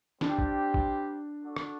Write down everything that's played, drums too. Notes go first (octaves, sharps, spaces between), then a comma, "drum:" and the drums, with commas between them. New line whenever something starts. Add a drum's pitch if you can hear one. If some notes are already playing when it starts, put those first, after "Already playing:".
G3 C4 D4 G4, drum: snare
drum: kick A1
drum: kick A1
F#4 A4 D5 F#5
drum: rim click